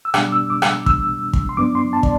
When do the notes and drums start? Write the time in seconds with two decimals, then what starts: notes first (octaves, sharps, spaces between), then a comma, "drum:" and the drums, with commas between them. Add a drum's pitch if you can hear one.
0.05 E6
0.14 B2 G3 B3 D4 D6, drum: rim click
0.32 E6
0.50 D6
0.62 drum: rim click
0.86 E6, drum: kick
1.33 drum: kick
1.49 C6
1.57 G2 F#3 B3 D4 D6
1.75 C6
1.93 A5
2.03 D5, drum: kick